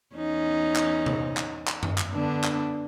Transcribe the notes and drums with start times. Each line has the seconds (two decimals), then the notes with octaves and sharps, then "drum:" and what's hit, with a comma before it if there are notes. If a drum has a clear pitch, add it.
0.15 E2 C#4 D#4
0.76 drum: clap
1.06 drum: tom C3
1.37 drum: clap
1.67 drum: clap
1.83 drum: tom F#2
1.98 drum: clap
2.13 D3 B3 D4
2.44 drum: clap